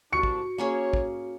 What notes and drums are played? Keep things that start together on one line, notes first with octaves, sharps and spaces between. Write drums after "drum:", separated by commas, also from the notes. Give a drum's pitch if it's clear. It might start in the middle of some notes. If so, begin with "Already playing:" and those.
C2 D4 F#4 C#6 C#7
drum: kick
A#3 C#4 G#4 C#5
drum: kick